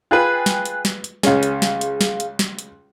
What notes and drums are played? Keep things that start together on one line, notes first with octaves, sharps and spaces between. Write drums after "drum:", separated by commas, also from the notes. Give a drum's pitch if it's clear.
F4 G#4 B4 G5 G#5 F#6
drum: snare
drum: hi-hat
drum: snare
drum: hi-hat
C#2 C#4 G#4 F5, drum: snare
drum: hi-hat
drum: snare
drum: hi-hat
drum: snare
drum: hi-hat
drum: snare
drum: hi-hat